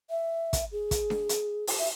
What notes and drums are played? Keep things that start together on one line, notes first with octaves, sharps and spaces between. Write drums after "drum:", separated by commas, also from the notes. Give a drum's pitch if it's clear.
E5
drum: kick, hi-hat
G#4
drum: kick, hi-hat
drum: snare D4
drum: hi-hat
drum: open hi-hat
E5